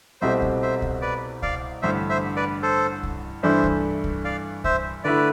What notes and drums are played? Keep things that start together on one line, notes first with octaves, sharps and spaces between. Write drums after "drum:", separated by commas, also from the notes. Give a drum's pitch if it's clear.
C2 B2 A3 C4 G4 C5 E5
drum: kick C2
C5 E5
drum: kick C2
B4 D5
D5 F5, drum: kick C2
A1 G2 D3 C5 E5
C5 E5
B4 D5
A4 C5
drum: kick C2
G2 E3 A3 D4 C5 E5
drum: kick C2
drum: kick C2
D5 F5
C5 E5, drum: kick C2
D3 A3 E4 B4 D5